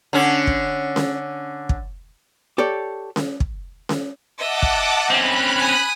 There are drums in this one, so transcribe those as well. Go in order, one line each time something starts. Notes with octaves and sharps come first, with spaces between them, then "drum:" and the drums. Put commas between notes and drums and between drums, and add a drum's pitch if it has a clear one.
D3 C#4
drum: kick
drum: snare C#4
drum: kick
G4 A4 C#5 D5
drum: snare C#4
drum: kick
drum: snare C#4
D#5 E5 F#5 A5 D6
drum: kick
C4 C#4 B5 F#6
G#5 D#6